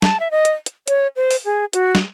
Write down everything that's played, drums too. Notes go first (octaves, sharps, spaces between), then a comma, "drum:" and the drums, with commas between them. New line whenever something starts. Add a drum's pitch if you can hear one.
A5, drum: snare
E5
D#5
drum: hi-hat
drum: hi-hat
C#5, drum: hi-hat
C5
drum: open hi-hat
G#4
F#4, drum: hi-hat
drum: snare